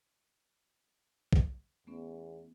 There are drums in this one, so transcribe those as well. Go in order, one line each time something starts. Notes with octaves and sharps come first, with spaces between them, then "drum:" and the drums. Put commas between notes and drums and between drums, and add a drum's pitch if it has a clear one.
drum: kick
E2 A3 B3 C#4